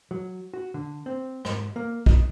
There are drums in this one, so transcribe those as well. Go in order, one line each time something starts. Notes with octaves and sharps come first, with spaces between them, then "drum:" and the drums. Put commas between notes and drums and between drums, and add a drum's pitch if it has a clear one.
F#3
F#4
D3
C4
G#2, drum: rim click
A#3
D#5, drum: kick A#1